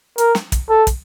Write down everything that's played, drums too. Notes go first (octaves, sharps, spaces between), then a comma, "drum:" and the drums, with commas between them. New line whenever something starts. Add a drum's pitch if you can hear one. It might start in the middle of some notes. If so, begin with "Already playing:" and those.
A#4, drum: hi-hat
drum: snare
drum: kick, hi-hat
A4
drum: kick, hi-hat